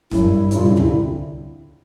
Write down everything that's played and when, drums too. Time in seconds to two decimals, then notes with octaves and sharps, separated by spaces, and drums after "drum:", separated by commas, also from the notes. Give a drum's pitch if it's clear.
0.11 F#2 E4, drum: snare
0.23 G2
0.51 F#2, drum: hi-hat
0.56 G2 F4
0.64 C3 E4
0.71 C#3
0.77 C3 E4, drum: tom
0.87 D3